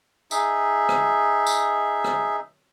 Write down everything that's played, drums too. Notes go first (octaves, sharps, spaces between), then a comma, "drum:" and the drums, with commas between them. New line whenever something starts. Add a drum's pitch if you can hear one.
D#4 G#4 E5, drum: tambourine
drum: rim click
drum: tambourine
drum: rim click